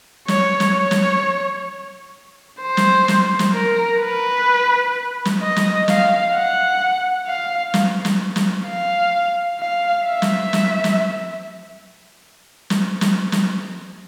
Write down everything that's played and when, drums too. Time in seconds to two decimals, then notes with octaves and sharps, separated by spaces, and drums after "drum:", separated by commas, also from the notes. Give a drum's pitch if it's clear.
0.28 C#5, drum: snare
0.60 drum: snare
0.76 C#5
0.91 drum: snare
2.61 C5
2.77 drum: snare
3.08 drum: snare
3.39 drum: snare
3.54 A#4
4.01 B4
5.25 drum: snare
5.41 D#5
5.56 drum: snare
5.88 F5, drum: snare
6.34 F#5
7.27 F5
7.74 drum: snare
8.05 drum: snare
8.36 drum: snare
8.66 F5
9.60 F5
10.07 E5
10.22 drum: snare
10.53 drum: snare
10.84 drum: snare
12.70 drum: snare
13.01 drum: snare
13.32 drum: snare